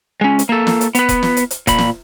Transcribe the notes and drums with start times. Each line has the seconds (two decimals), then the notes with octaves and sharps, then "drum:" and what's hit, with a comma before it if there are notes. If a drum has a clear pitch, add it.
0.21 G#3 C#4
0.39 drum: hi-hat
0.49 A#3 A4
0.67 drum: snare
0.81 drum: hi-hat
0.95 B3 B4, drum: hi-hat
1.09 drum: kick E1, hi-hat
1.23 drum: snare
1.37 drum: hi-hat
1.51 drum: hi-hat
1.67 A#2 B5, drum: kick E1, hi-hat
1.78 drum: snare